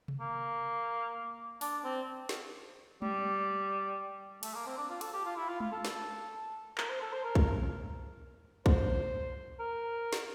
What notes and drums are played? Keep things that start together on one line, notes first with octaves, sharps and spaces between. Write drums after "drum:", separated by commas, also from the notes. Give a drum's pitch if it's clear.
drum: tom C3
A#3
D4, drum: open hi-hat
C4
drum: snare
G3, drum: tom G#3
A3, drum: cymbal
A#3
C4
D4
F4
A4, drum: cymbal
G4
F4
E4
F4
F4, drum: tom G#3
A4
drum: snare
A#4, drum: clap
C5
A4
C5
A#4
drum: kick B1
C5, drum: kick B1
A#4
drum: snare